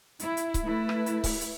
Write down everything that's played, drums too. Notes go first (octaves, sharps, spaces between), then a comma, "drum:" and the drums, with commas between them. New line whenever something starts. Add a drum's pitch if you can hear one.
E4, drum: hi-hat
drum: hi-hat
drum: kick C#1, hi-hat
A3 E4 B4
drum: rim click
drum: hi-hat
drum: kick C#1, open hi-hat
drum: hi-hat